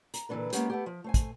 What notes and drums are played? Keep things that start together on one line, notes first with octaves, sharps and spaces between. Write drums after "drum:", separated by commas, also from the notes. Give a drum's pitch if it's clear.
A#5, drum: hi-hat
A#2 D3 E3 A3 D4 B4
G#3 A#3 B3 C#4 G4, drum: hi-hat
A3 B3 G4
F3
A3 C5 G#5
drum: kick, hi-hat